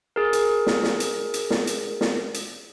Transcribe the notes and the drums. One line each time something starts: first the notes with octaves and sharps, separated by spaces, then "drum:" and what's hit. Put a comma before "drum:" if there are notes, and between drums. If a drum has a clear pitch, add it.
G#4 A#4
drum: hi-hat
drum: snare
drum: snare
drum: hi-hat
drum: hi-hat
drum: snare
drum: hi-hat
drum: snare
drum: hi-hat